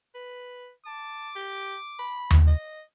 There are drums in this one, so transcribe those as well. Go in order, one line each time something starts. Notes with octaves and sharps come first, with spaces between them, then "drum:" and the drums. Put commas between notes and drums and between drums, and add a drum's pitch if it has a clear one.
B4
A5 D6
G4
B5
drum: tom D#2
D#5